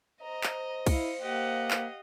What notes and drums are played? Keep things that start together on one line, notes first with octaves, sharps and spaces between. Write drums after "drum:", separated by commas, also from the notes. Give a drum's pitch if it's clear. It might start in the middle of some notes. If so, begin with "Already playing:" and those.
C5 D#5 A#5
drum: clap
E4 F5 C#7, drum: kick C2, cymbal
A#3 G4 D#5 F5 F#5
drum: clap